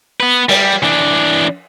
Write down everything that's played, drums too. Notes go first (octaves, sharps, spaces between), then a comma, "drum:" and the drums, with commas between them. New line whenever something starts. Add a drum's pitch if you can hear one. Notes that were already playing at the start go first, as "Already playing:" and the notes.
B3 B4
G3, drum: cymbal
E3 D4